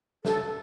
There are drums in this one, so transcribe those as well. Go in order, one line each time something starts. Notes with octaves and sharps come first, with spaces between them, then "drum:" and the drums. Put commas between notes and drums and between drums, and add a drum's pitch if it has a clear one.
A4, drum: snare